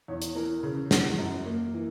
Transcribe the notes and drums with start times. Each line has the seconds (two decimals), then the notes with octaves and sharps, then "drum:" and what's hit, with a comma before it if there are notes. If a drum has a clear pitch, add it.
0.08 E2 C#5
0.22 drum: hi-hat
0.35 E3 A#4
0.63 C#3
0.91 E2 F#5, drum: snare
1.18 F#2
1.46 A#3
1.74 E3